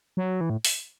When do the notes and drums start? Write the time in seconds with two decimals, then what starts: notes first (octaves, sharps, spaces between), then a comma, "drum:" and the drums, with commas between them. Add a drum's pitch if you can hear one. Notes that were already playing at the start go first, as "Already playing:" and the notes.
0.17 F#3
0.41 E3
0.50 A2
0.65 drum: open hi-hat